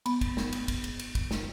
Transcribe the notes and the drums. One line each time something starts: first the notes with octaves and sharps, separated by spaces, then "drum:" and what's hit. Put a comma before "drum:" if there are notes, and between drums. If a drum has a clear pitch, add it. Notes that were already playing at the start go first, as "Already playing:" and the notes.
B3, drum: cymbal
drum: kick, cymbal
drum: snare
drum: cymbal
drum: kick, cymbal
drum: cymbal
drum: cymbal
drum: kick, cymbal
drum: snare